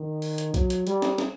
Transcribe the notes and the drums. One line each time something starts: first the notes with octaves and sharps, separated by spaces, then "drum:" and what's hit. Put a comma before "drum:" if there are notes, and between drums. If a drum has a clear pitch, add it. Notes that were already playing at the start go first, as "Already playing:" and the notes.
Already playing: D#3
drum: open hi-hat
drum: hi-hat
F#3, drum: kick B1, hi-hat
drum: hi-hat
G3, drum: hi-hat
drum: snare
drum: snare